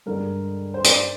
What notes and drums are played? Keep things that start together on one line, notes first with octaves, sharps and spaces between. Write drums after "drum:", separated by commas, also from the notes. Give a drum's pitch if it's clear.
G2 D3 G#3 A#4
C5
D5, drum: hi-hat